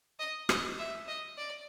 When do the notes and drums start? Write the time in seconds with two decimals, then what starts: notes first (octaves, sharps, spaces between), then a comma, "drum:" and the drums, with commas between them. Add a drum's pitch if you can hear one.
0.19 D#5
0.49 D#5, drum: rim click
0.79 E5
1.08 D#5
1.38 D5